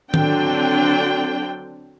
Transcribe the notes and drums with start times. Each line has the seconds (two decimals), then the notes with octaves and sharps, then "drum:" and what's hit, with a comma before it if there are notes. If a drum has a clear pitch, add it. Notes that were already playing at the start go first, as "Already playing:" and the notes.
0.14 D3 F#3 C4 D4 G5, drum: tom D#3